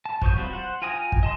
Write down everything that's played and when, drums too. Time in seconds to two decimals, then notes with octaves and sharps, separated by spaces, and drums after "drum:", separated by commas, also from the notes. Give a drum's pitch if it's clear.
0.05 A5
0.22 F#3 C5 C#6 D#6 G6, drum: kick
0.36 E3 G3 C4 F4 F#4
0.53 C5 F#5
0.82 F4 G5 G#5 A#5 D#6
1.12 drum: kick
1.23 D#5 A5 C6